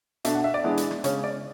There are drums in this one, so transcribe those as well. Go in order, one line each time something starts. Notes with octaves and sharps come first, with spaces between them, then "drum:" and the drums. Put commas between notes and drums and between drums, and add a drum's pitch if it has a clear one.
B2 A3 D4 E5, drum: hi-hat
F#5
E5
D5
E3 G#3 B3 D4
drum: hi-hat
drum: rim click
C#3 G#3 C#4 C#5, drum: hi-hat
D5